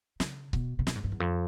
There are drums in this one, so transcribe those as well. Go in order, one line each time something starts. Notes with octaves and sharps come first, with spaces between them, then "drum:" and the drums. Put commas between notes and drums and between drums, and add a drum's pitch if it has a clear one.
C#3, drum: snare
B2, drum: kick C#1
C3
B2, drum: snare
G#2
G2
E2
F2